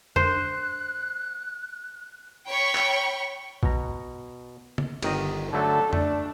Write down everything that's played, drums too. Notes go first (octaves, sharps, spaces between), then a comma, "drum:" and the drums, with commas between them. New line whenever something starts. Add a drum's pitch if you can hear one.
C5 F#6, drum: tom F2
C#5 G5 B5 C#6
drum: clap
B2 A#5, drum: kick A#1
drum: tom
G1 D#3 D#5, drum: cymbal
D3 F#3 A3 A4
A3 D4, drum: tom F2